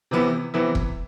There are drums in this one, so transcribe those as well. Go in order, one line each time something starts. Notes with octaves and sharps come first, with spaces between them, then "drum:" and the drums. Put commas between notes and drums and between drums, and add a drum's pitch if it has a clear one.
C3 E3 B3 E4
C3 E3 B3 E4
drum: kick E1